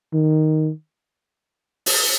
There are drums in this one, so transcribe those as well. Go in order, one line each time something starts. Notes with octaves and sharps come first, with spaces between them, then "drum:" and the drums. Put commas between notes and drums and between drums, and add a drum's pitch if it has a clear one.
D#3
drum: open hi-hat